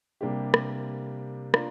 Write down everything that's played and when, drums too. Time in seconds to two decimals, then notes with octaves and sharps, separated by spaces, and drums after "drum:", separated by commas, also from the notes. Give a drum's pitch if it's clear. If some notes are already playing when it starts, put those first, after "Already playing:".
0.21 C3 G3 A#3 D4 G4
0.54 drum: rim click
1.54 A#3 D4 F4 A#4, drum: rim click